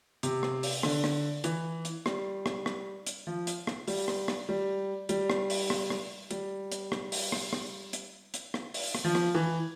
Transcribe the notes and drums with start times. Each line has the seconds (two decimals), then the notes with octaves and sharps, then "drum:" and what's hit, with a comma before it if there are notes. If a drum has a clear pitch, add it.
0.23 C3, drum: hi-hat
0.43 drum: rim click
0.63 drum: open hi-hat
0.83 D3, drum: rim click
1.04 drum: rim click
1.44 E3, drum: hi-hat
1.85 drum: hi-hat
2.06 G3, drum: rim click
2.46 drum: rim click
2.66 drum: rim click
3.07 drum: hi-hat
3.27 F3
3.47 drum: hi-hat
3.67 drum: rim click
3.87 G3, drum: open hi-hat
4.08 drum: rim click
4.28 drum: rim click
4.49 G3
5.09 G3, drum: hi-hat
5.30 drum: rim click
5.50 drum: open hi-hat
5.70 drum: rim click
5.90 drum: rim click
6.31 G3, drum: hi-hat
6.72 drum: hi-hat
6.92 drum: rim click
7.12 drum: open hi-hat
7.32 drum: rim click
7.53 drum: rim click
7.93 drum: hi-hat
8.34 drum: hi-hat
8.54 drum: rim click
8.74 drum: open hi-hat
8.95 drum: rim click
9.05 F3
9.15 drum: rim click
9.35 E3